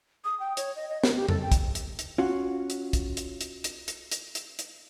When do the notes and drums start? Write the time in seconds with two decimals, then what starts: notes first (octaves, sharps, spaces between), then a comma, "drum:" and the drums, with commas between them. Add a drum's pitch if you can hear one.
0.24 D#6
0.40 G5
0.57 C#5, drum: hi-hat
0.76 D#5
0.89 D#5
1.03 A#4, drum: snare
1.16 G4
1.29 A4, drum: tom
1.42 G5
1.52 drum: kick, hi-hat
1.75 drum: hi-hat
1.99 drum: hi-hat
2.18 C#4 F4 F#4
2.70 drum: hi-hat
2.93 drum: kick, hi-hat
3.17 drum: hi-hat
3.41 drum: hi-hat
3.64 drum: hi-hat
3.88 drum: hi-hat
4.12 drum: hi-hat
4.35 drum: hi-hat
4.59 drum: hi-hat